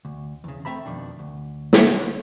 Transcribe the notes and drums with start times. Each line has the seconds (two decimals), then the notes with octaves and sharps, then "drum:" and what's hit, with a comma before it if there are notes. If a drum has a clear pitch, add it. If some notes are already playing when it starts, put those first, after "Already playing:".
0.05 D2
0.44 E2 C#3
0.65 A3 C4 E5 A#5 B5
0.86 F2 B2 D#3 D4
1.19 D2
1.73 drum: snare
1.84 D3 C#5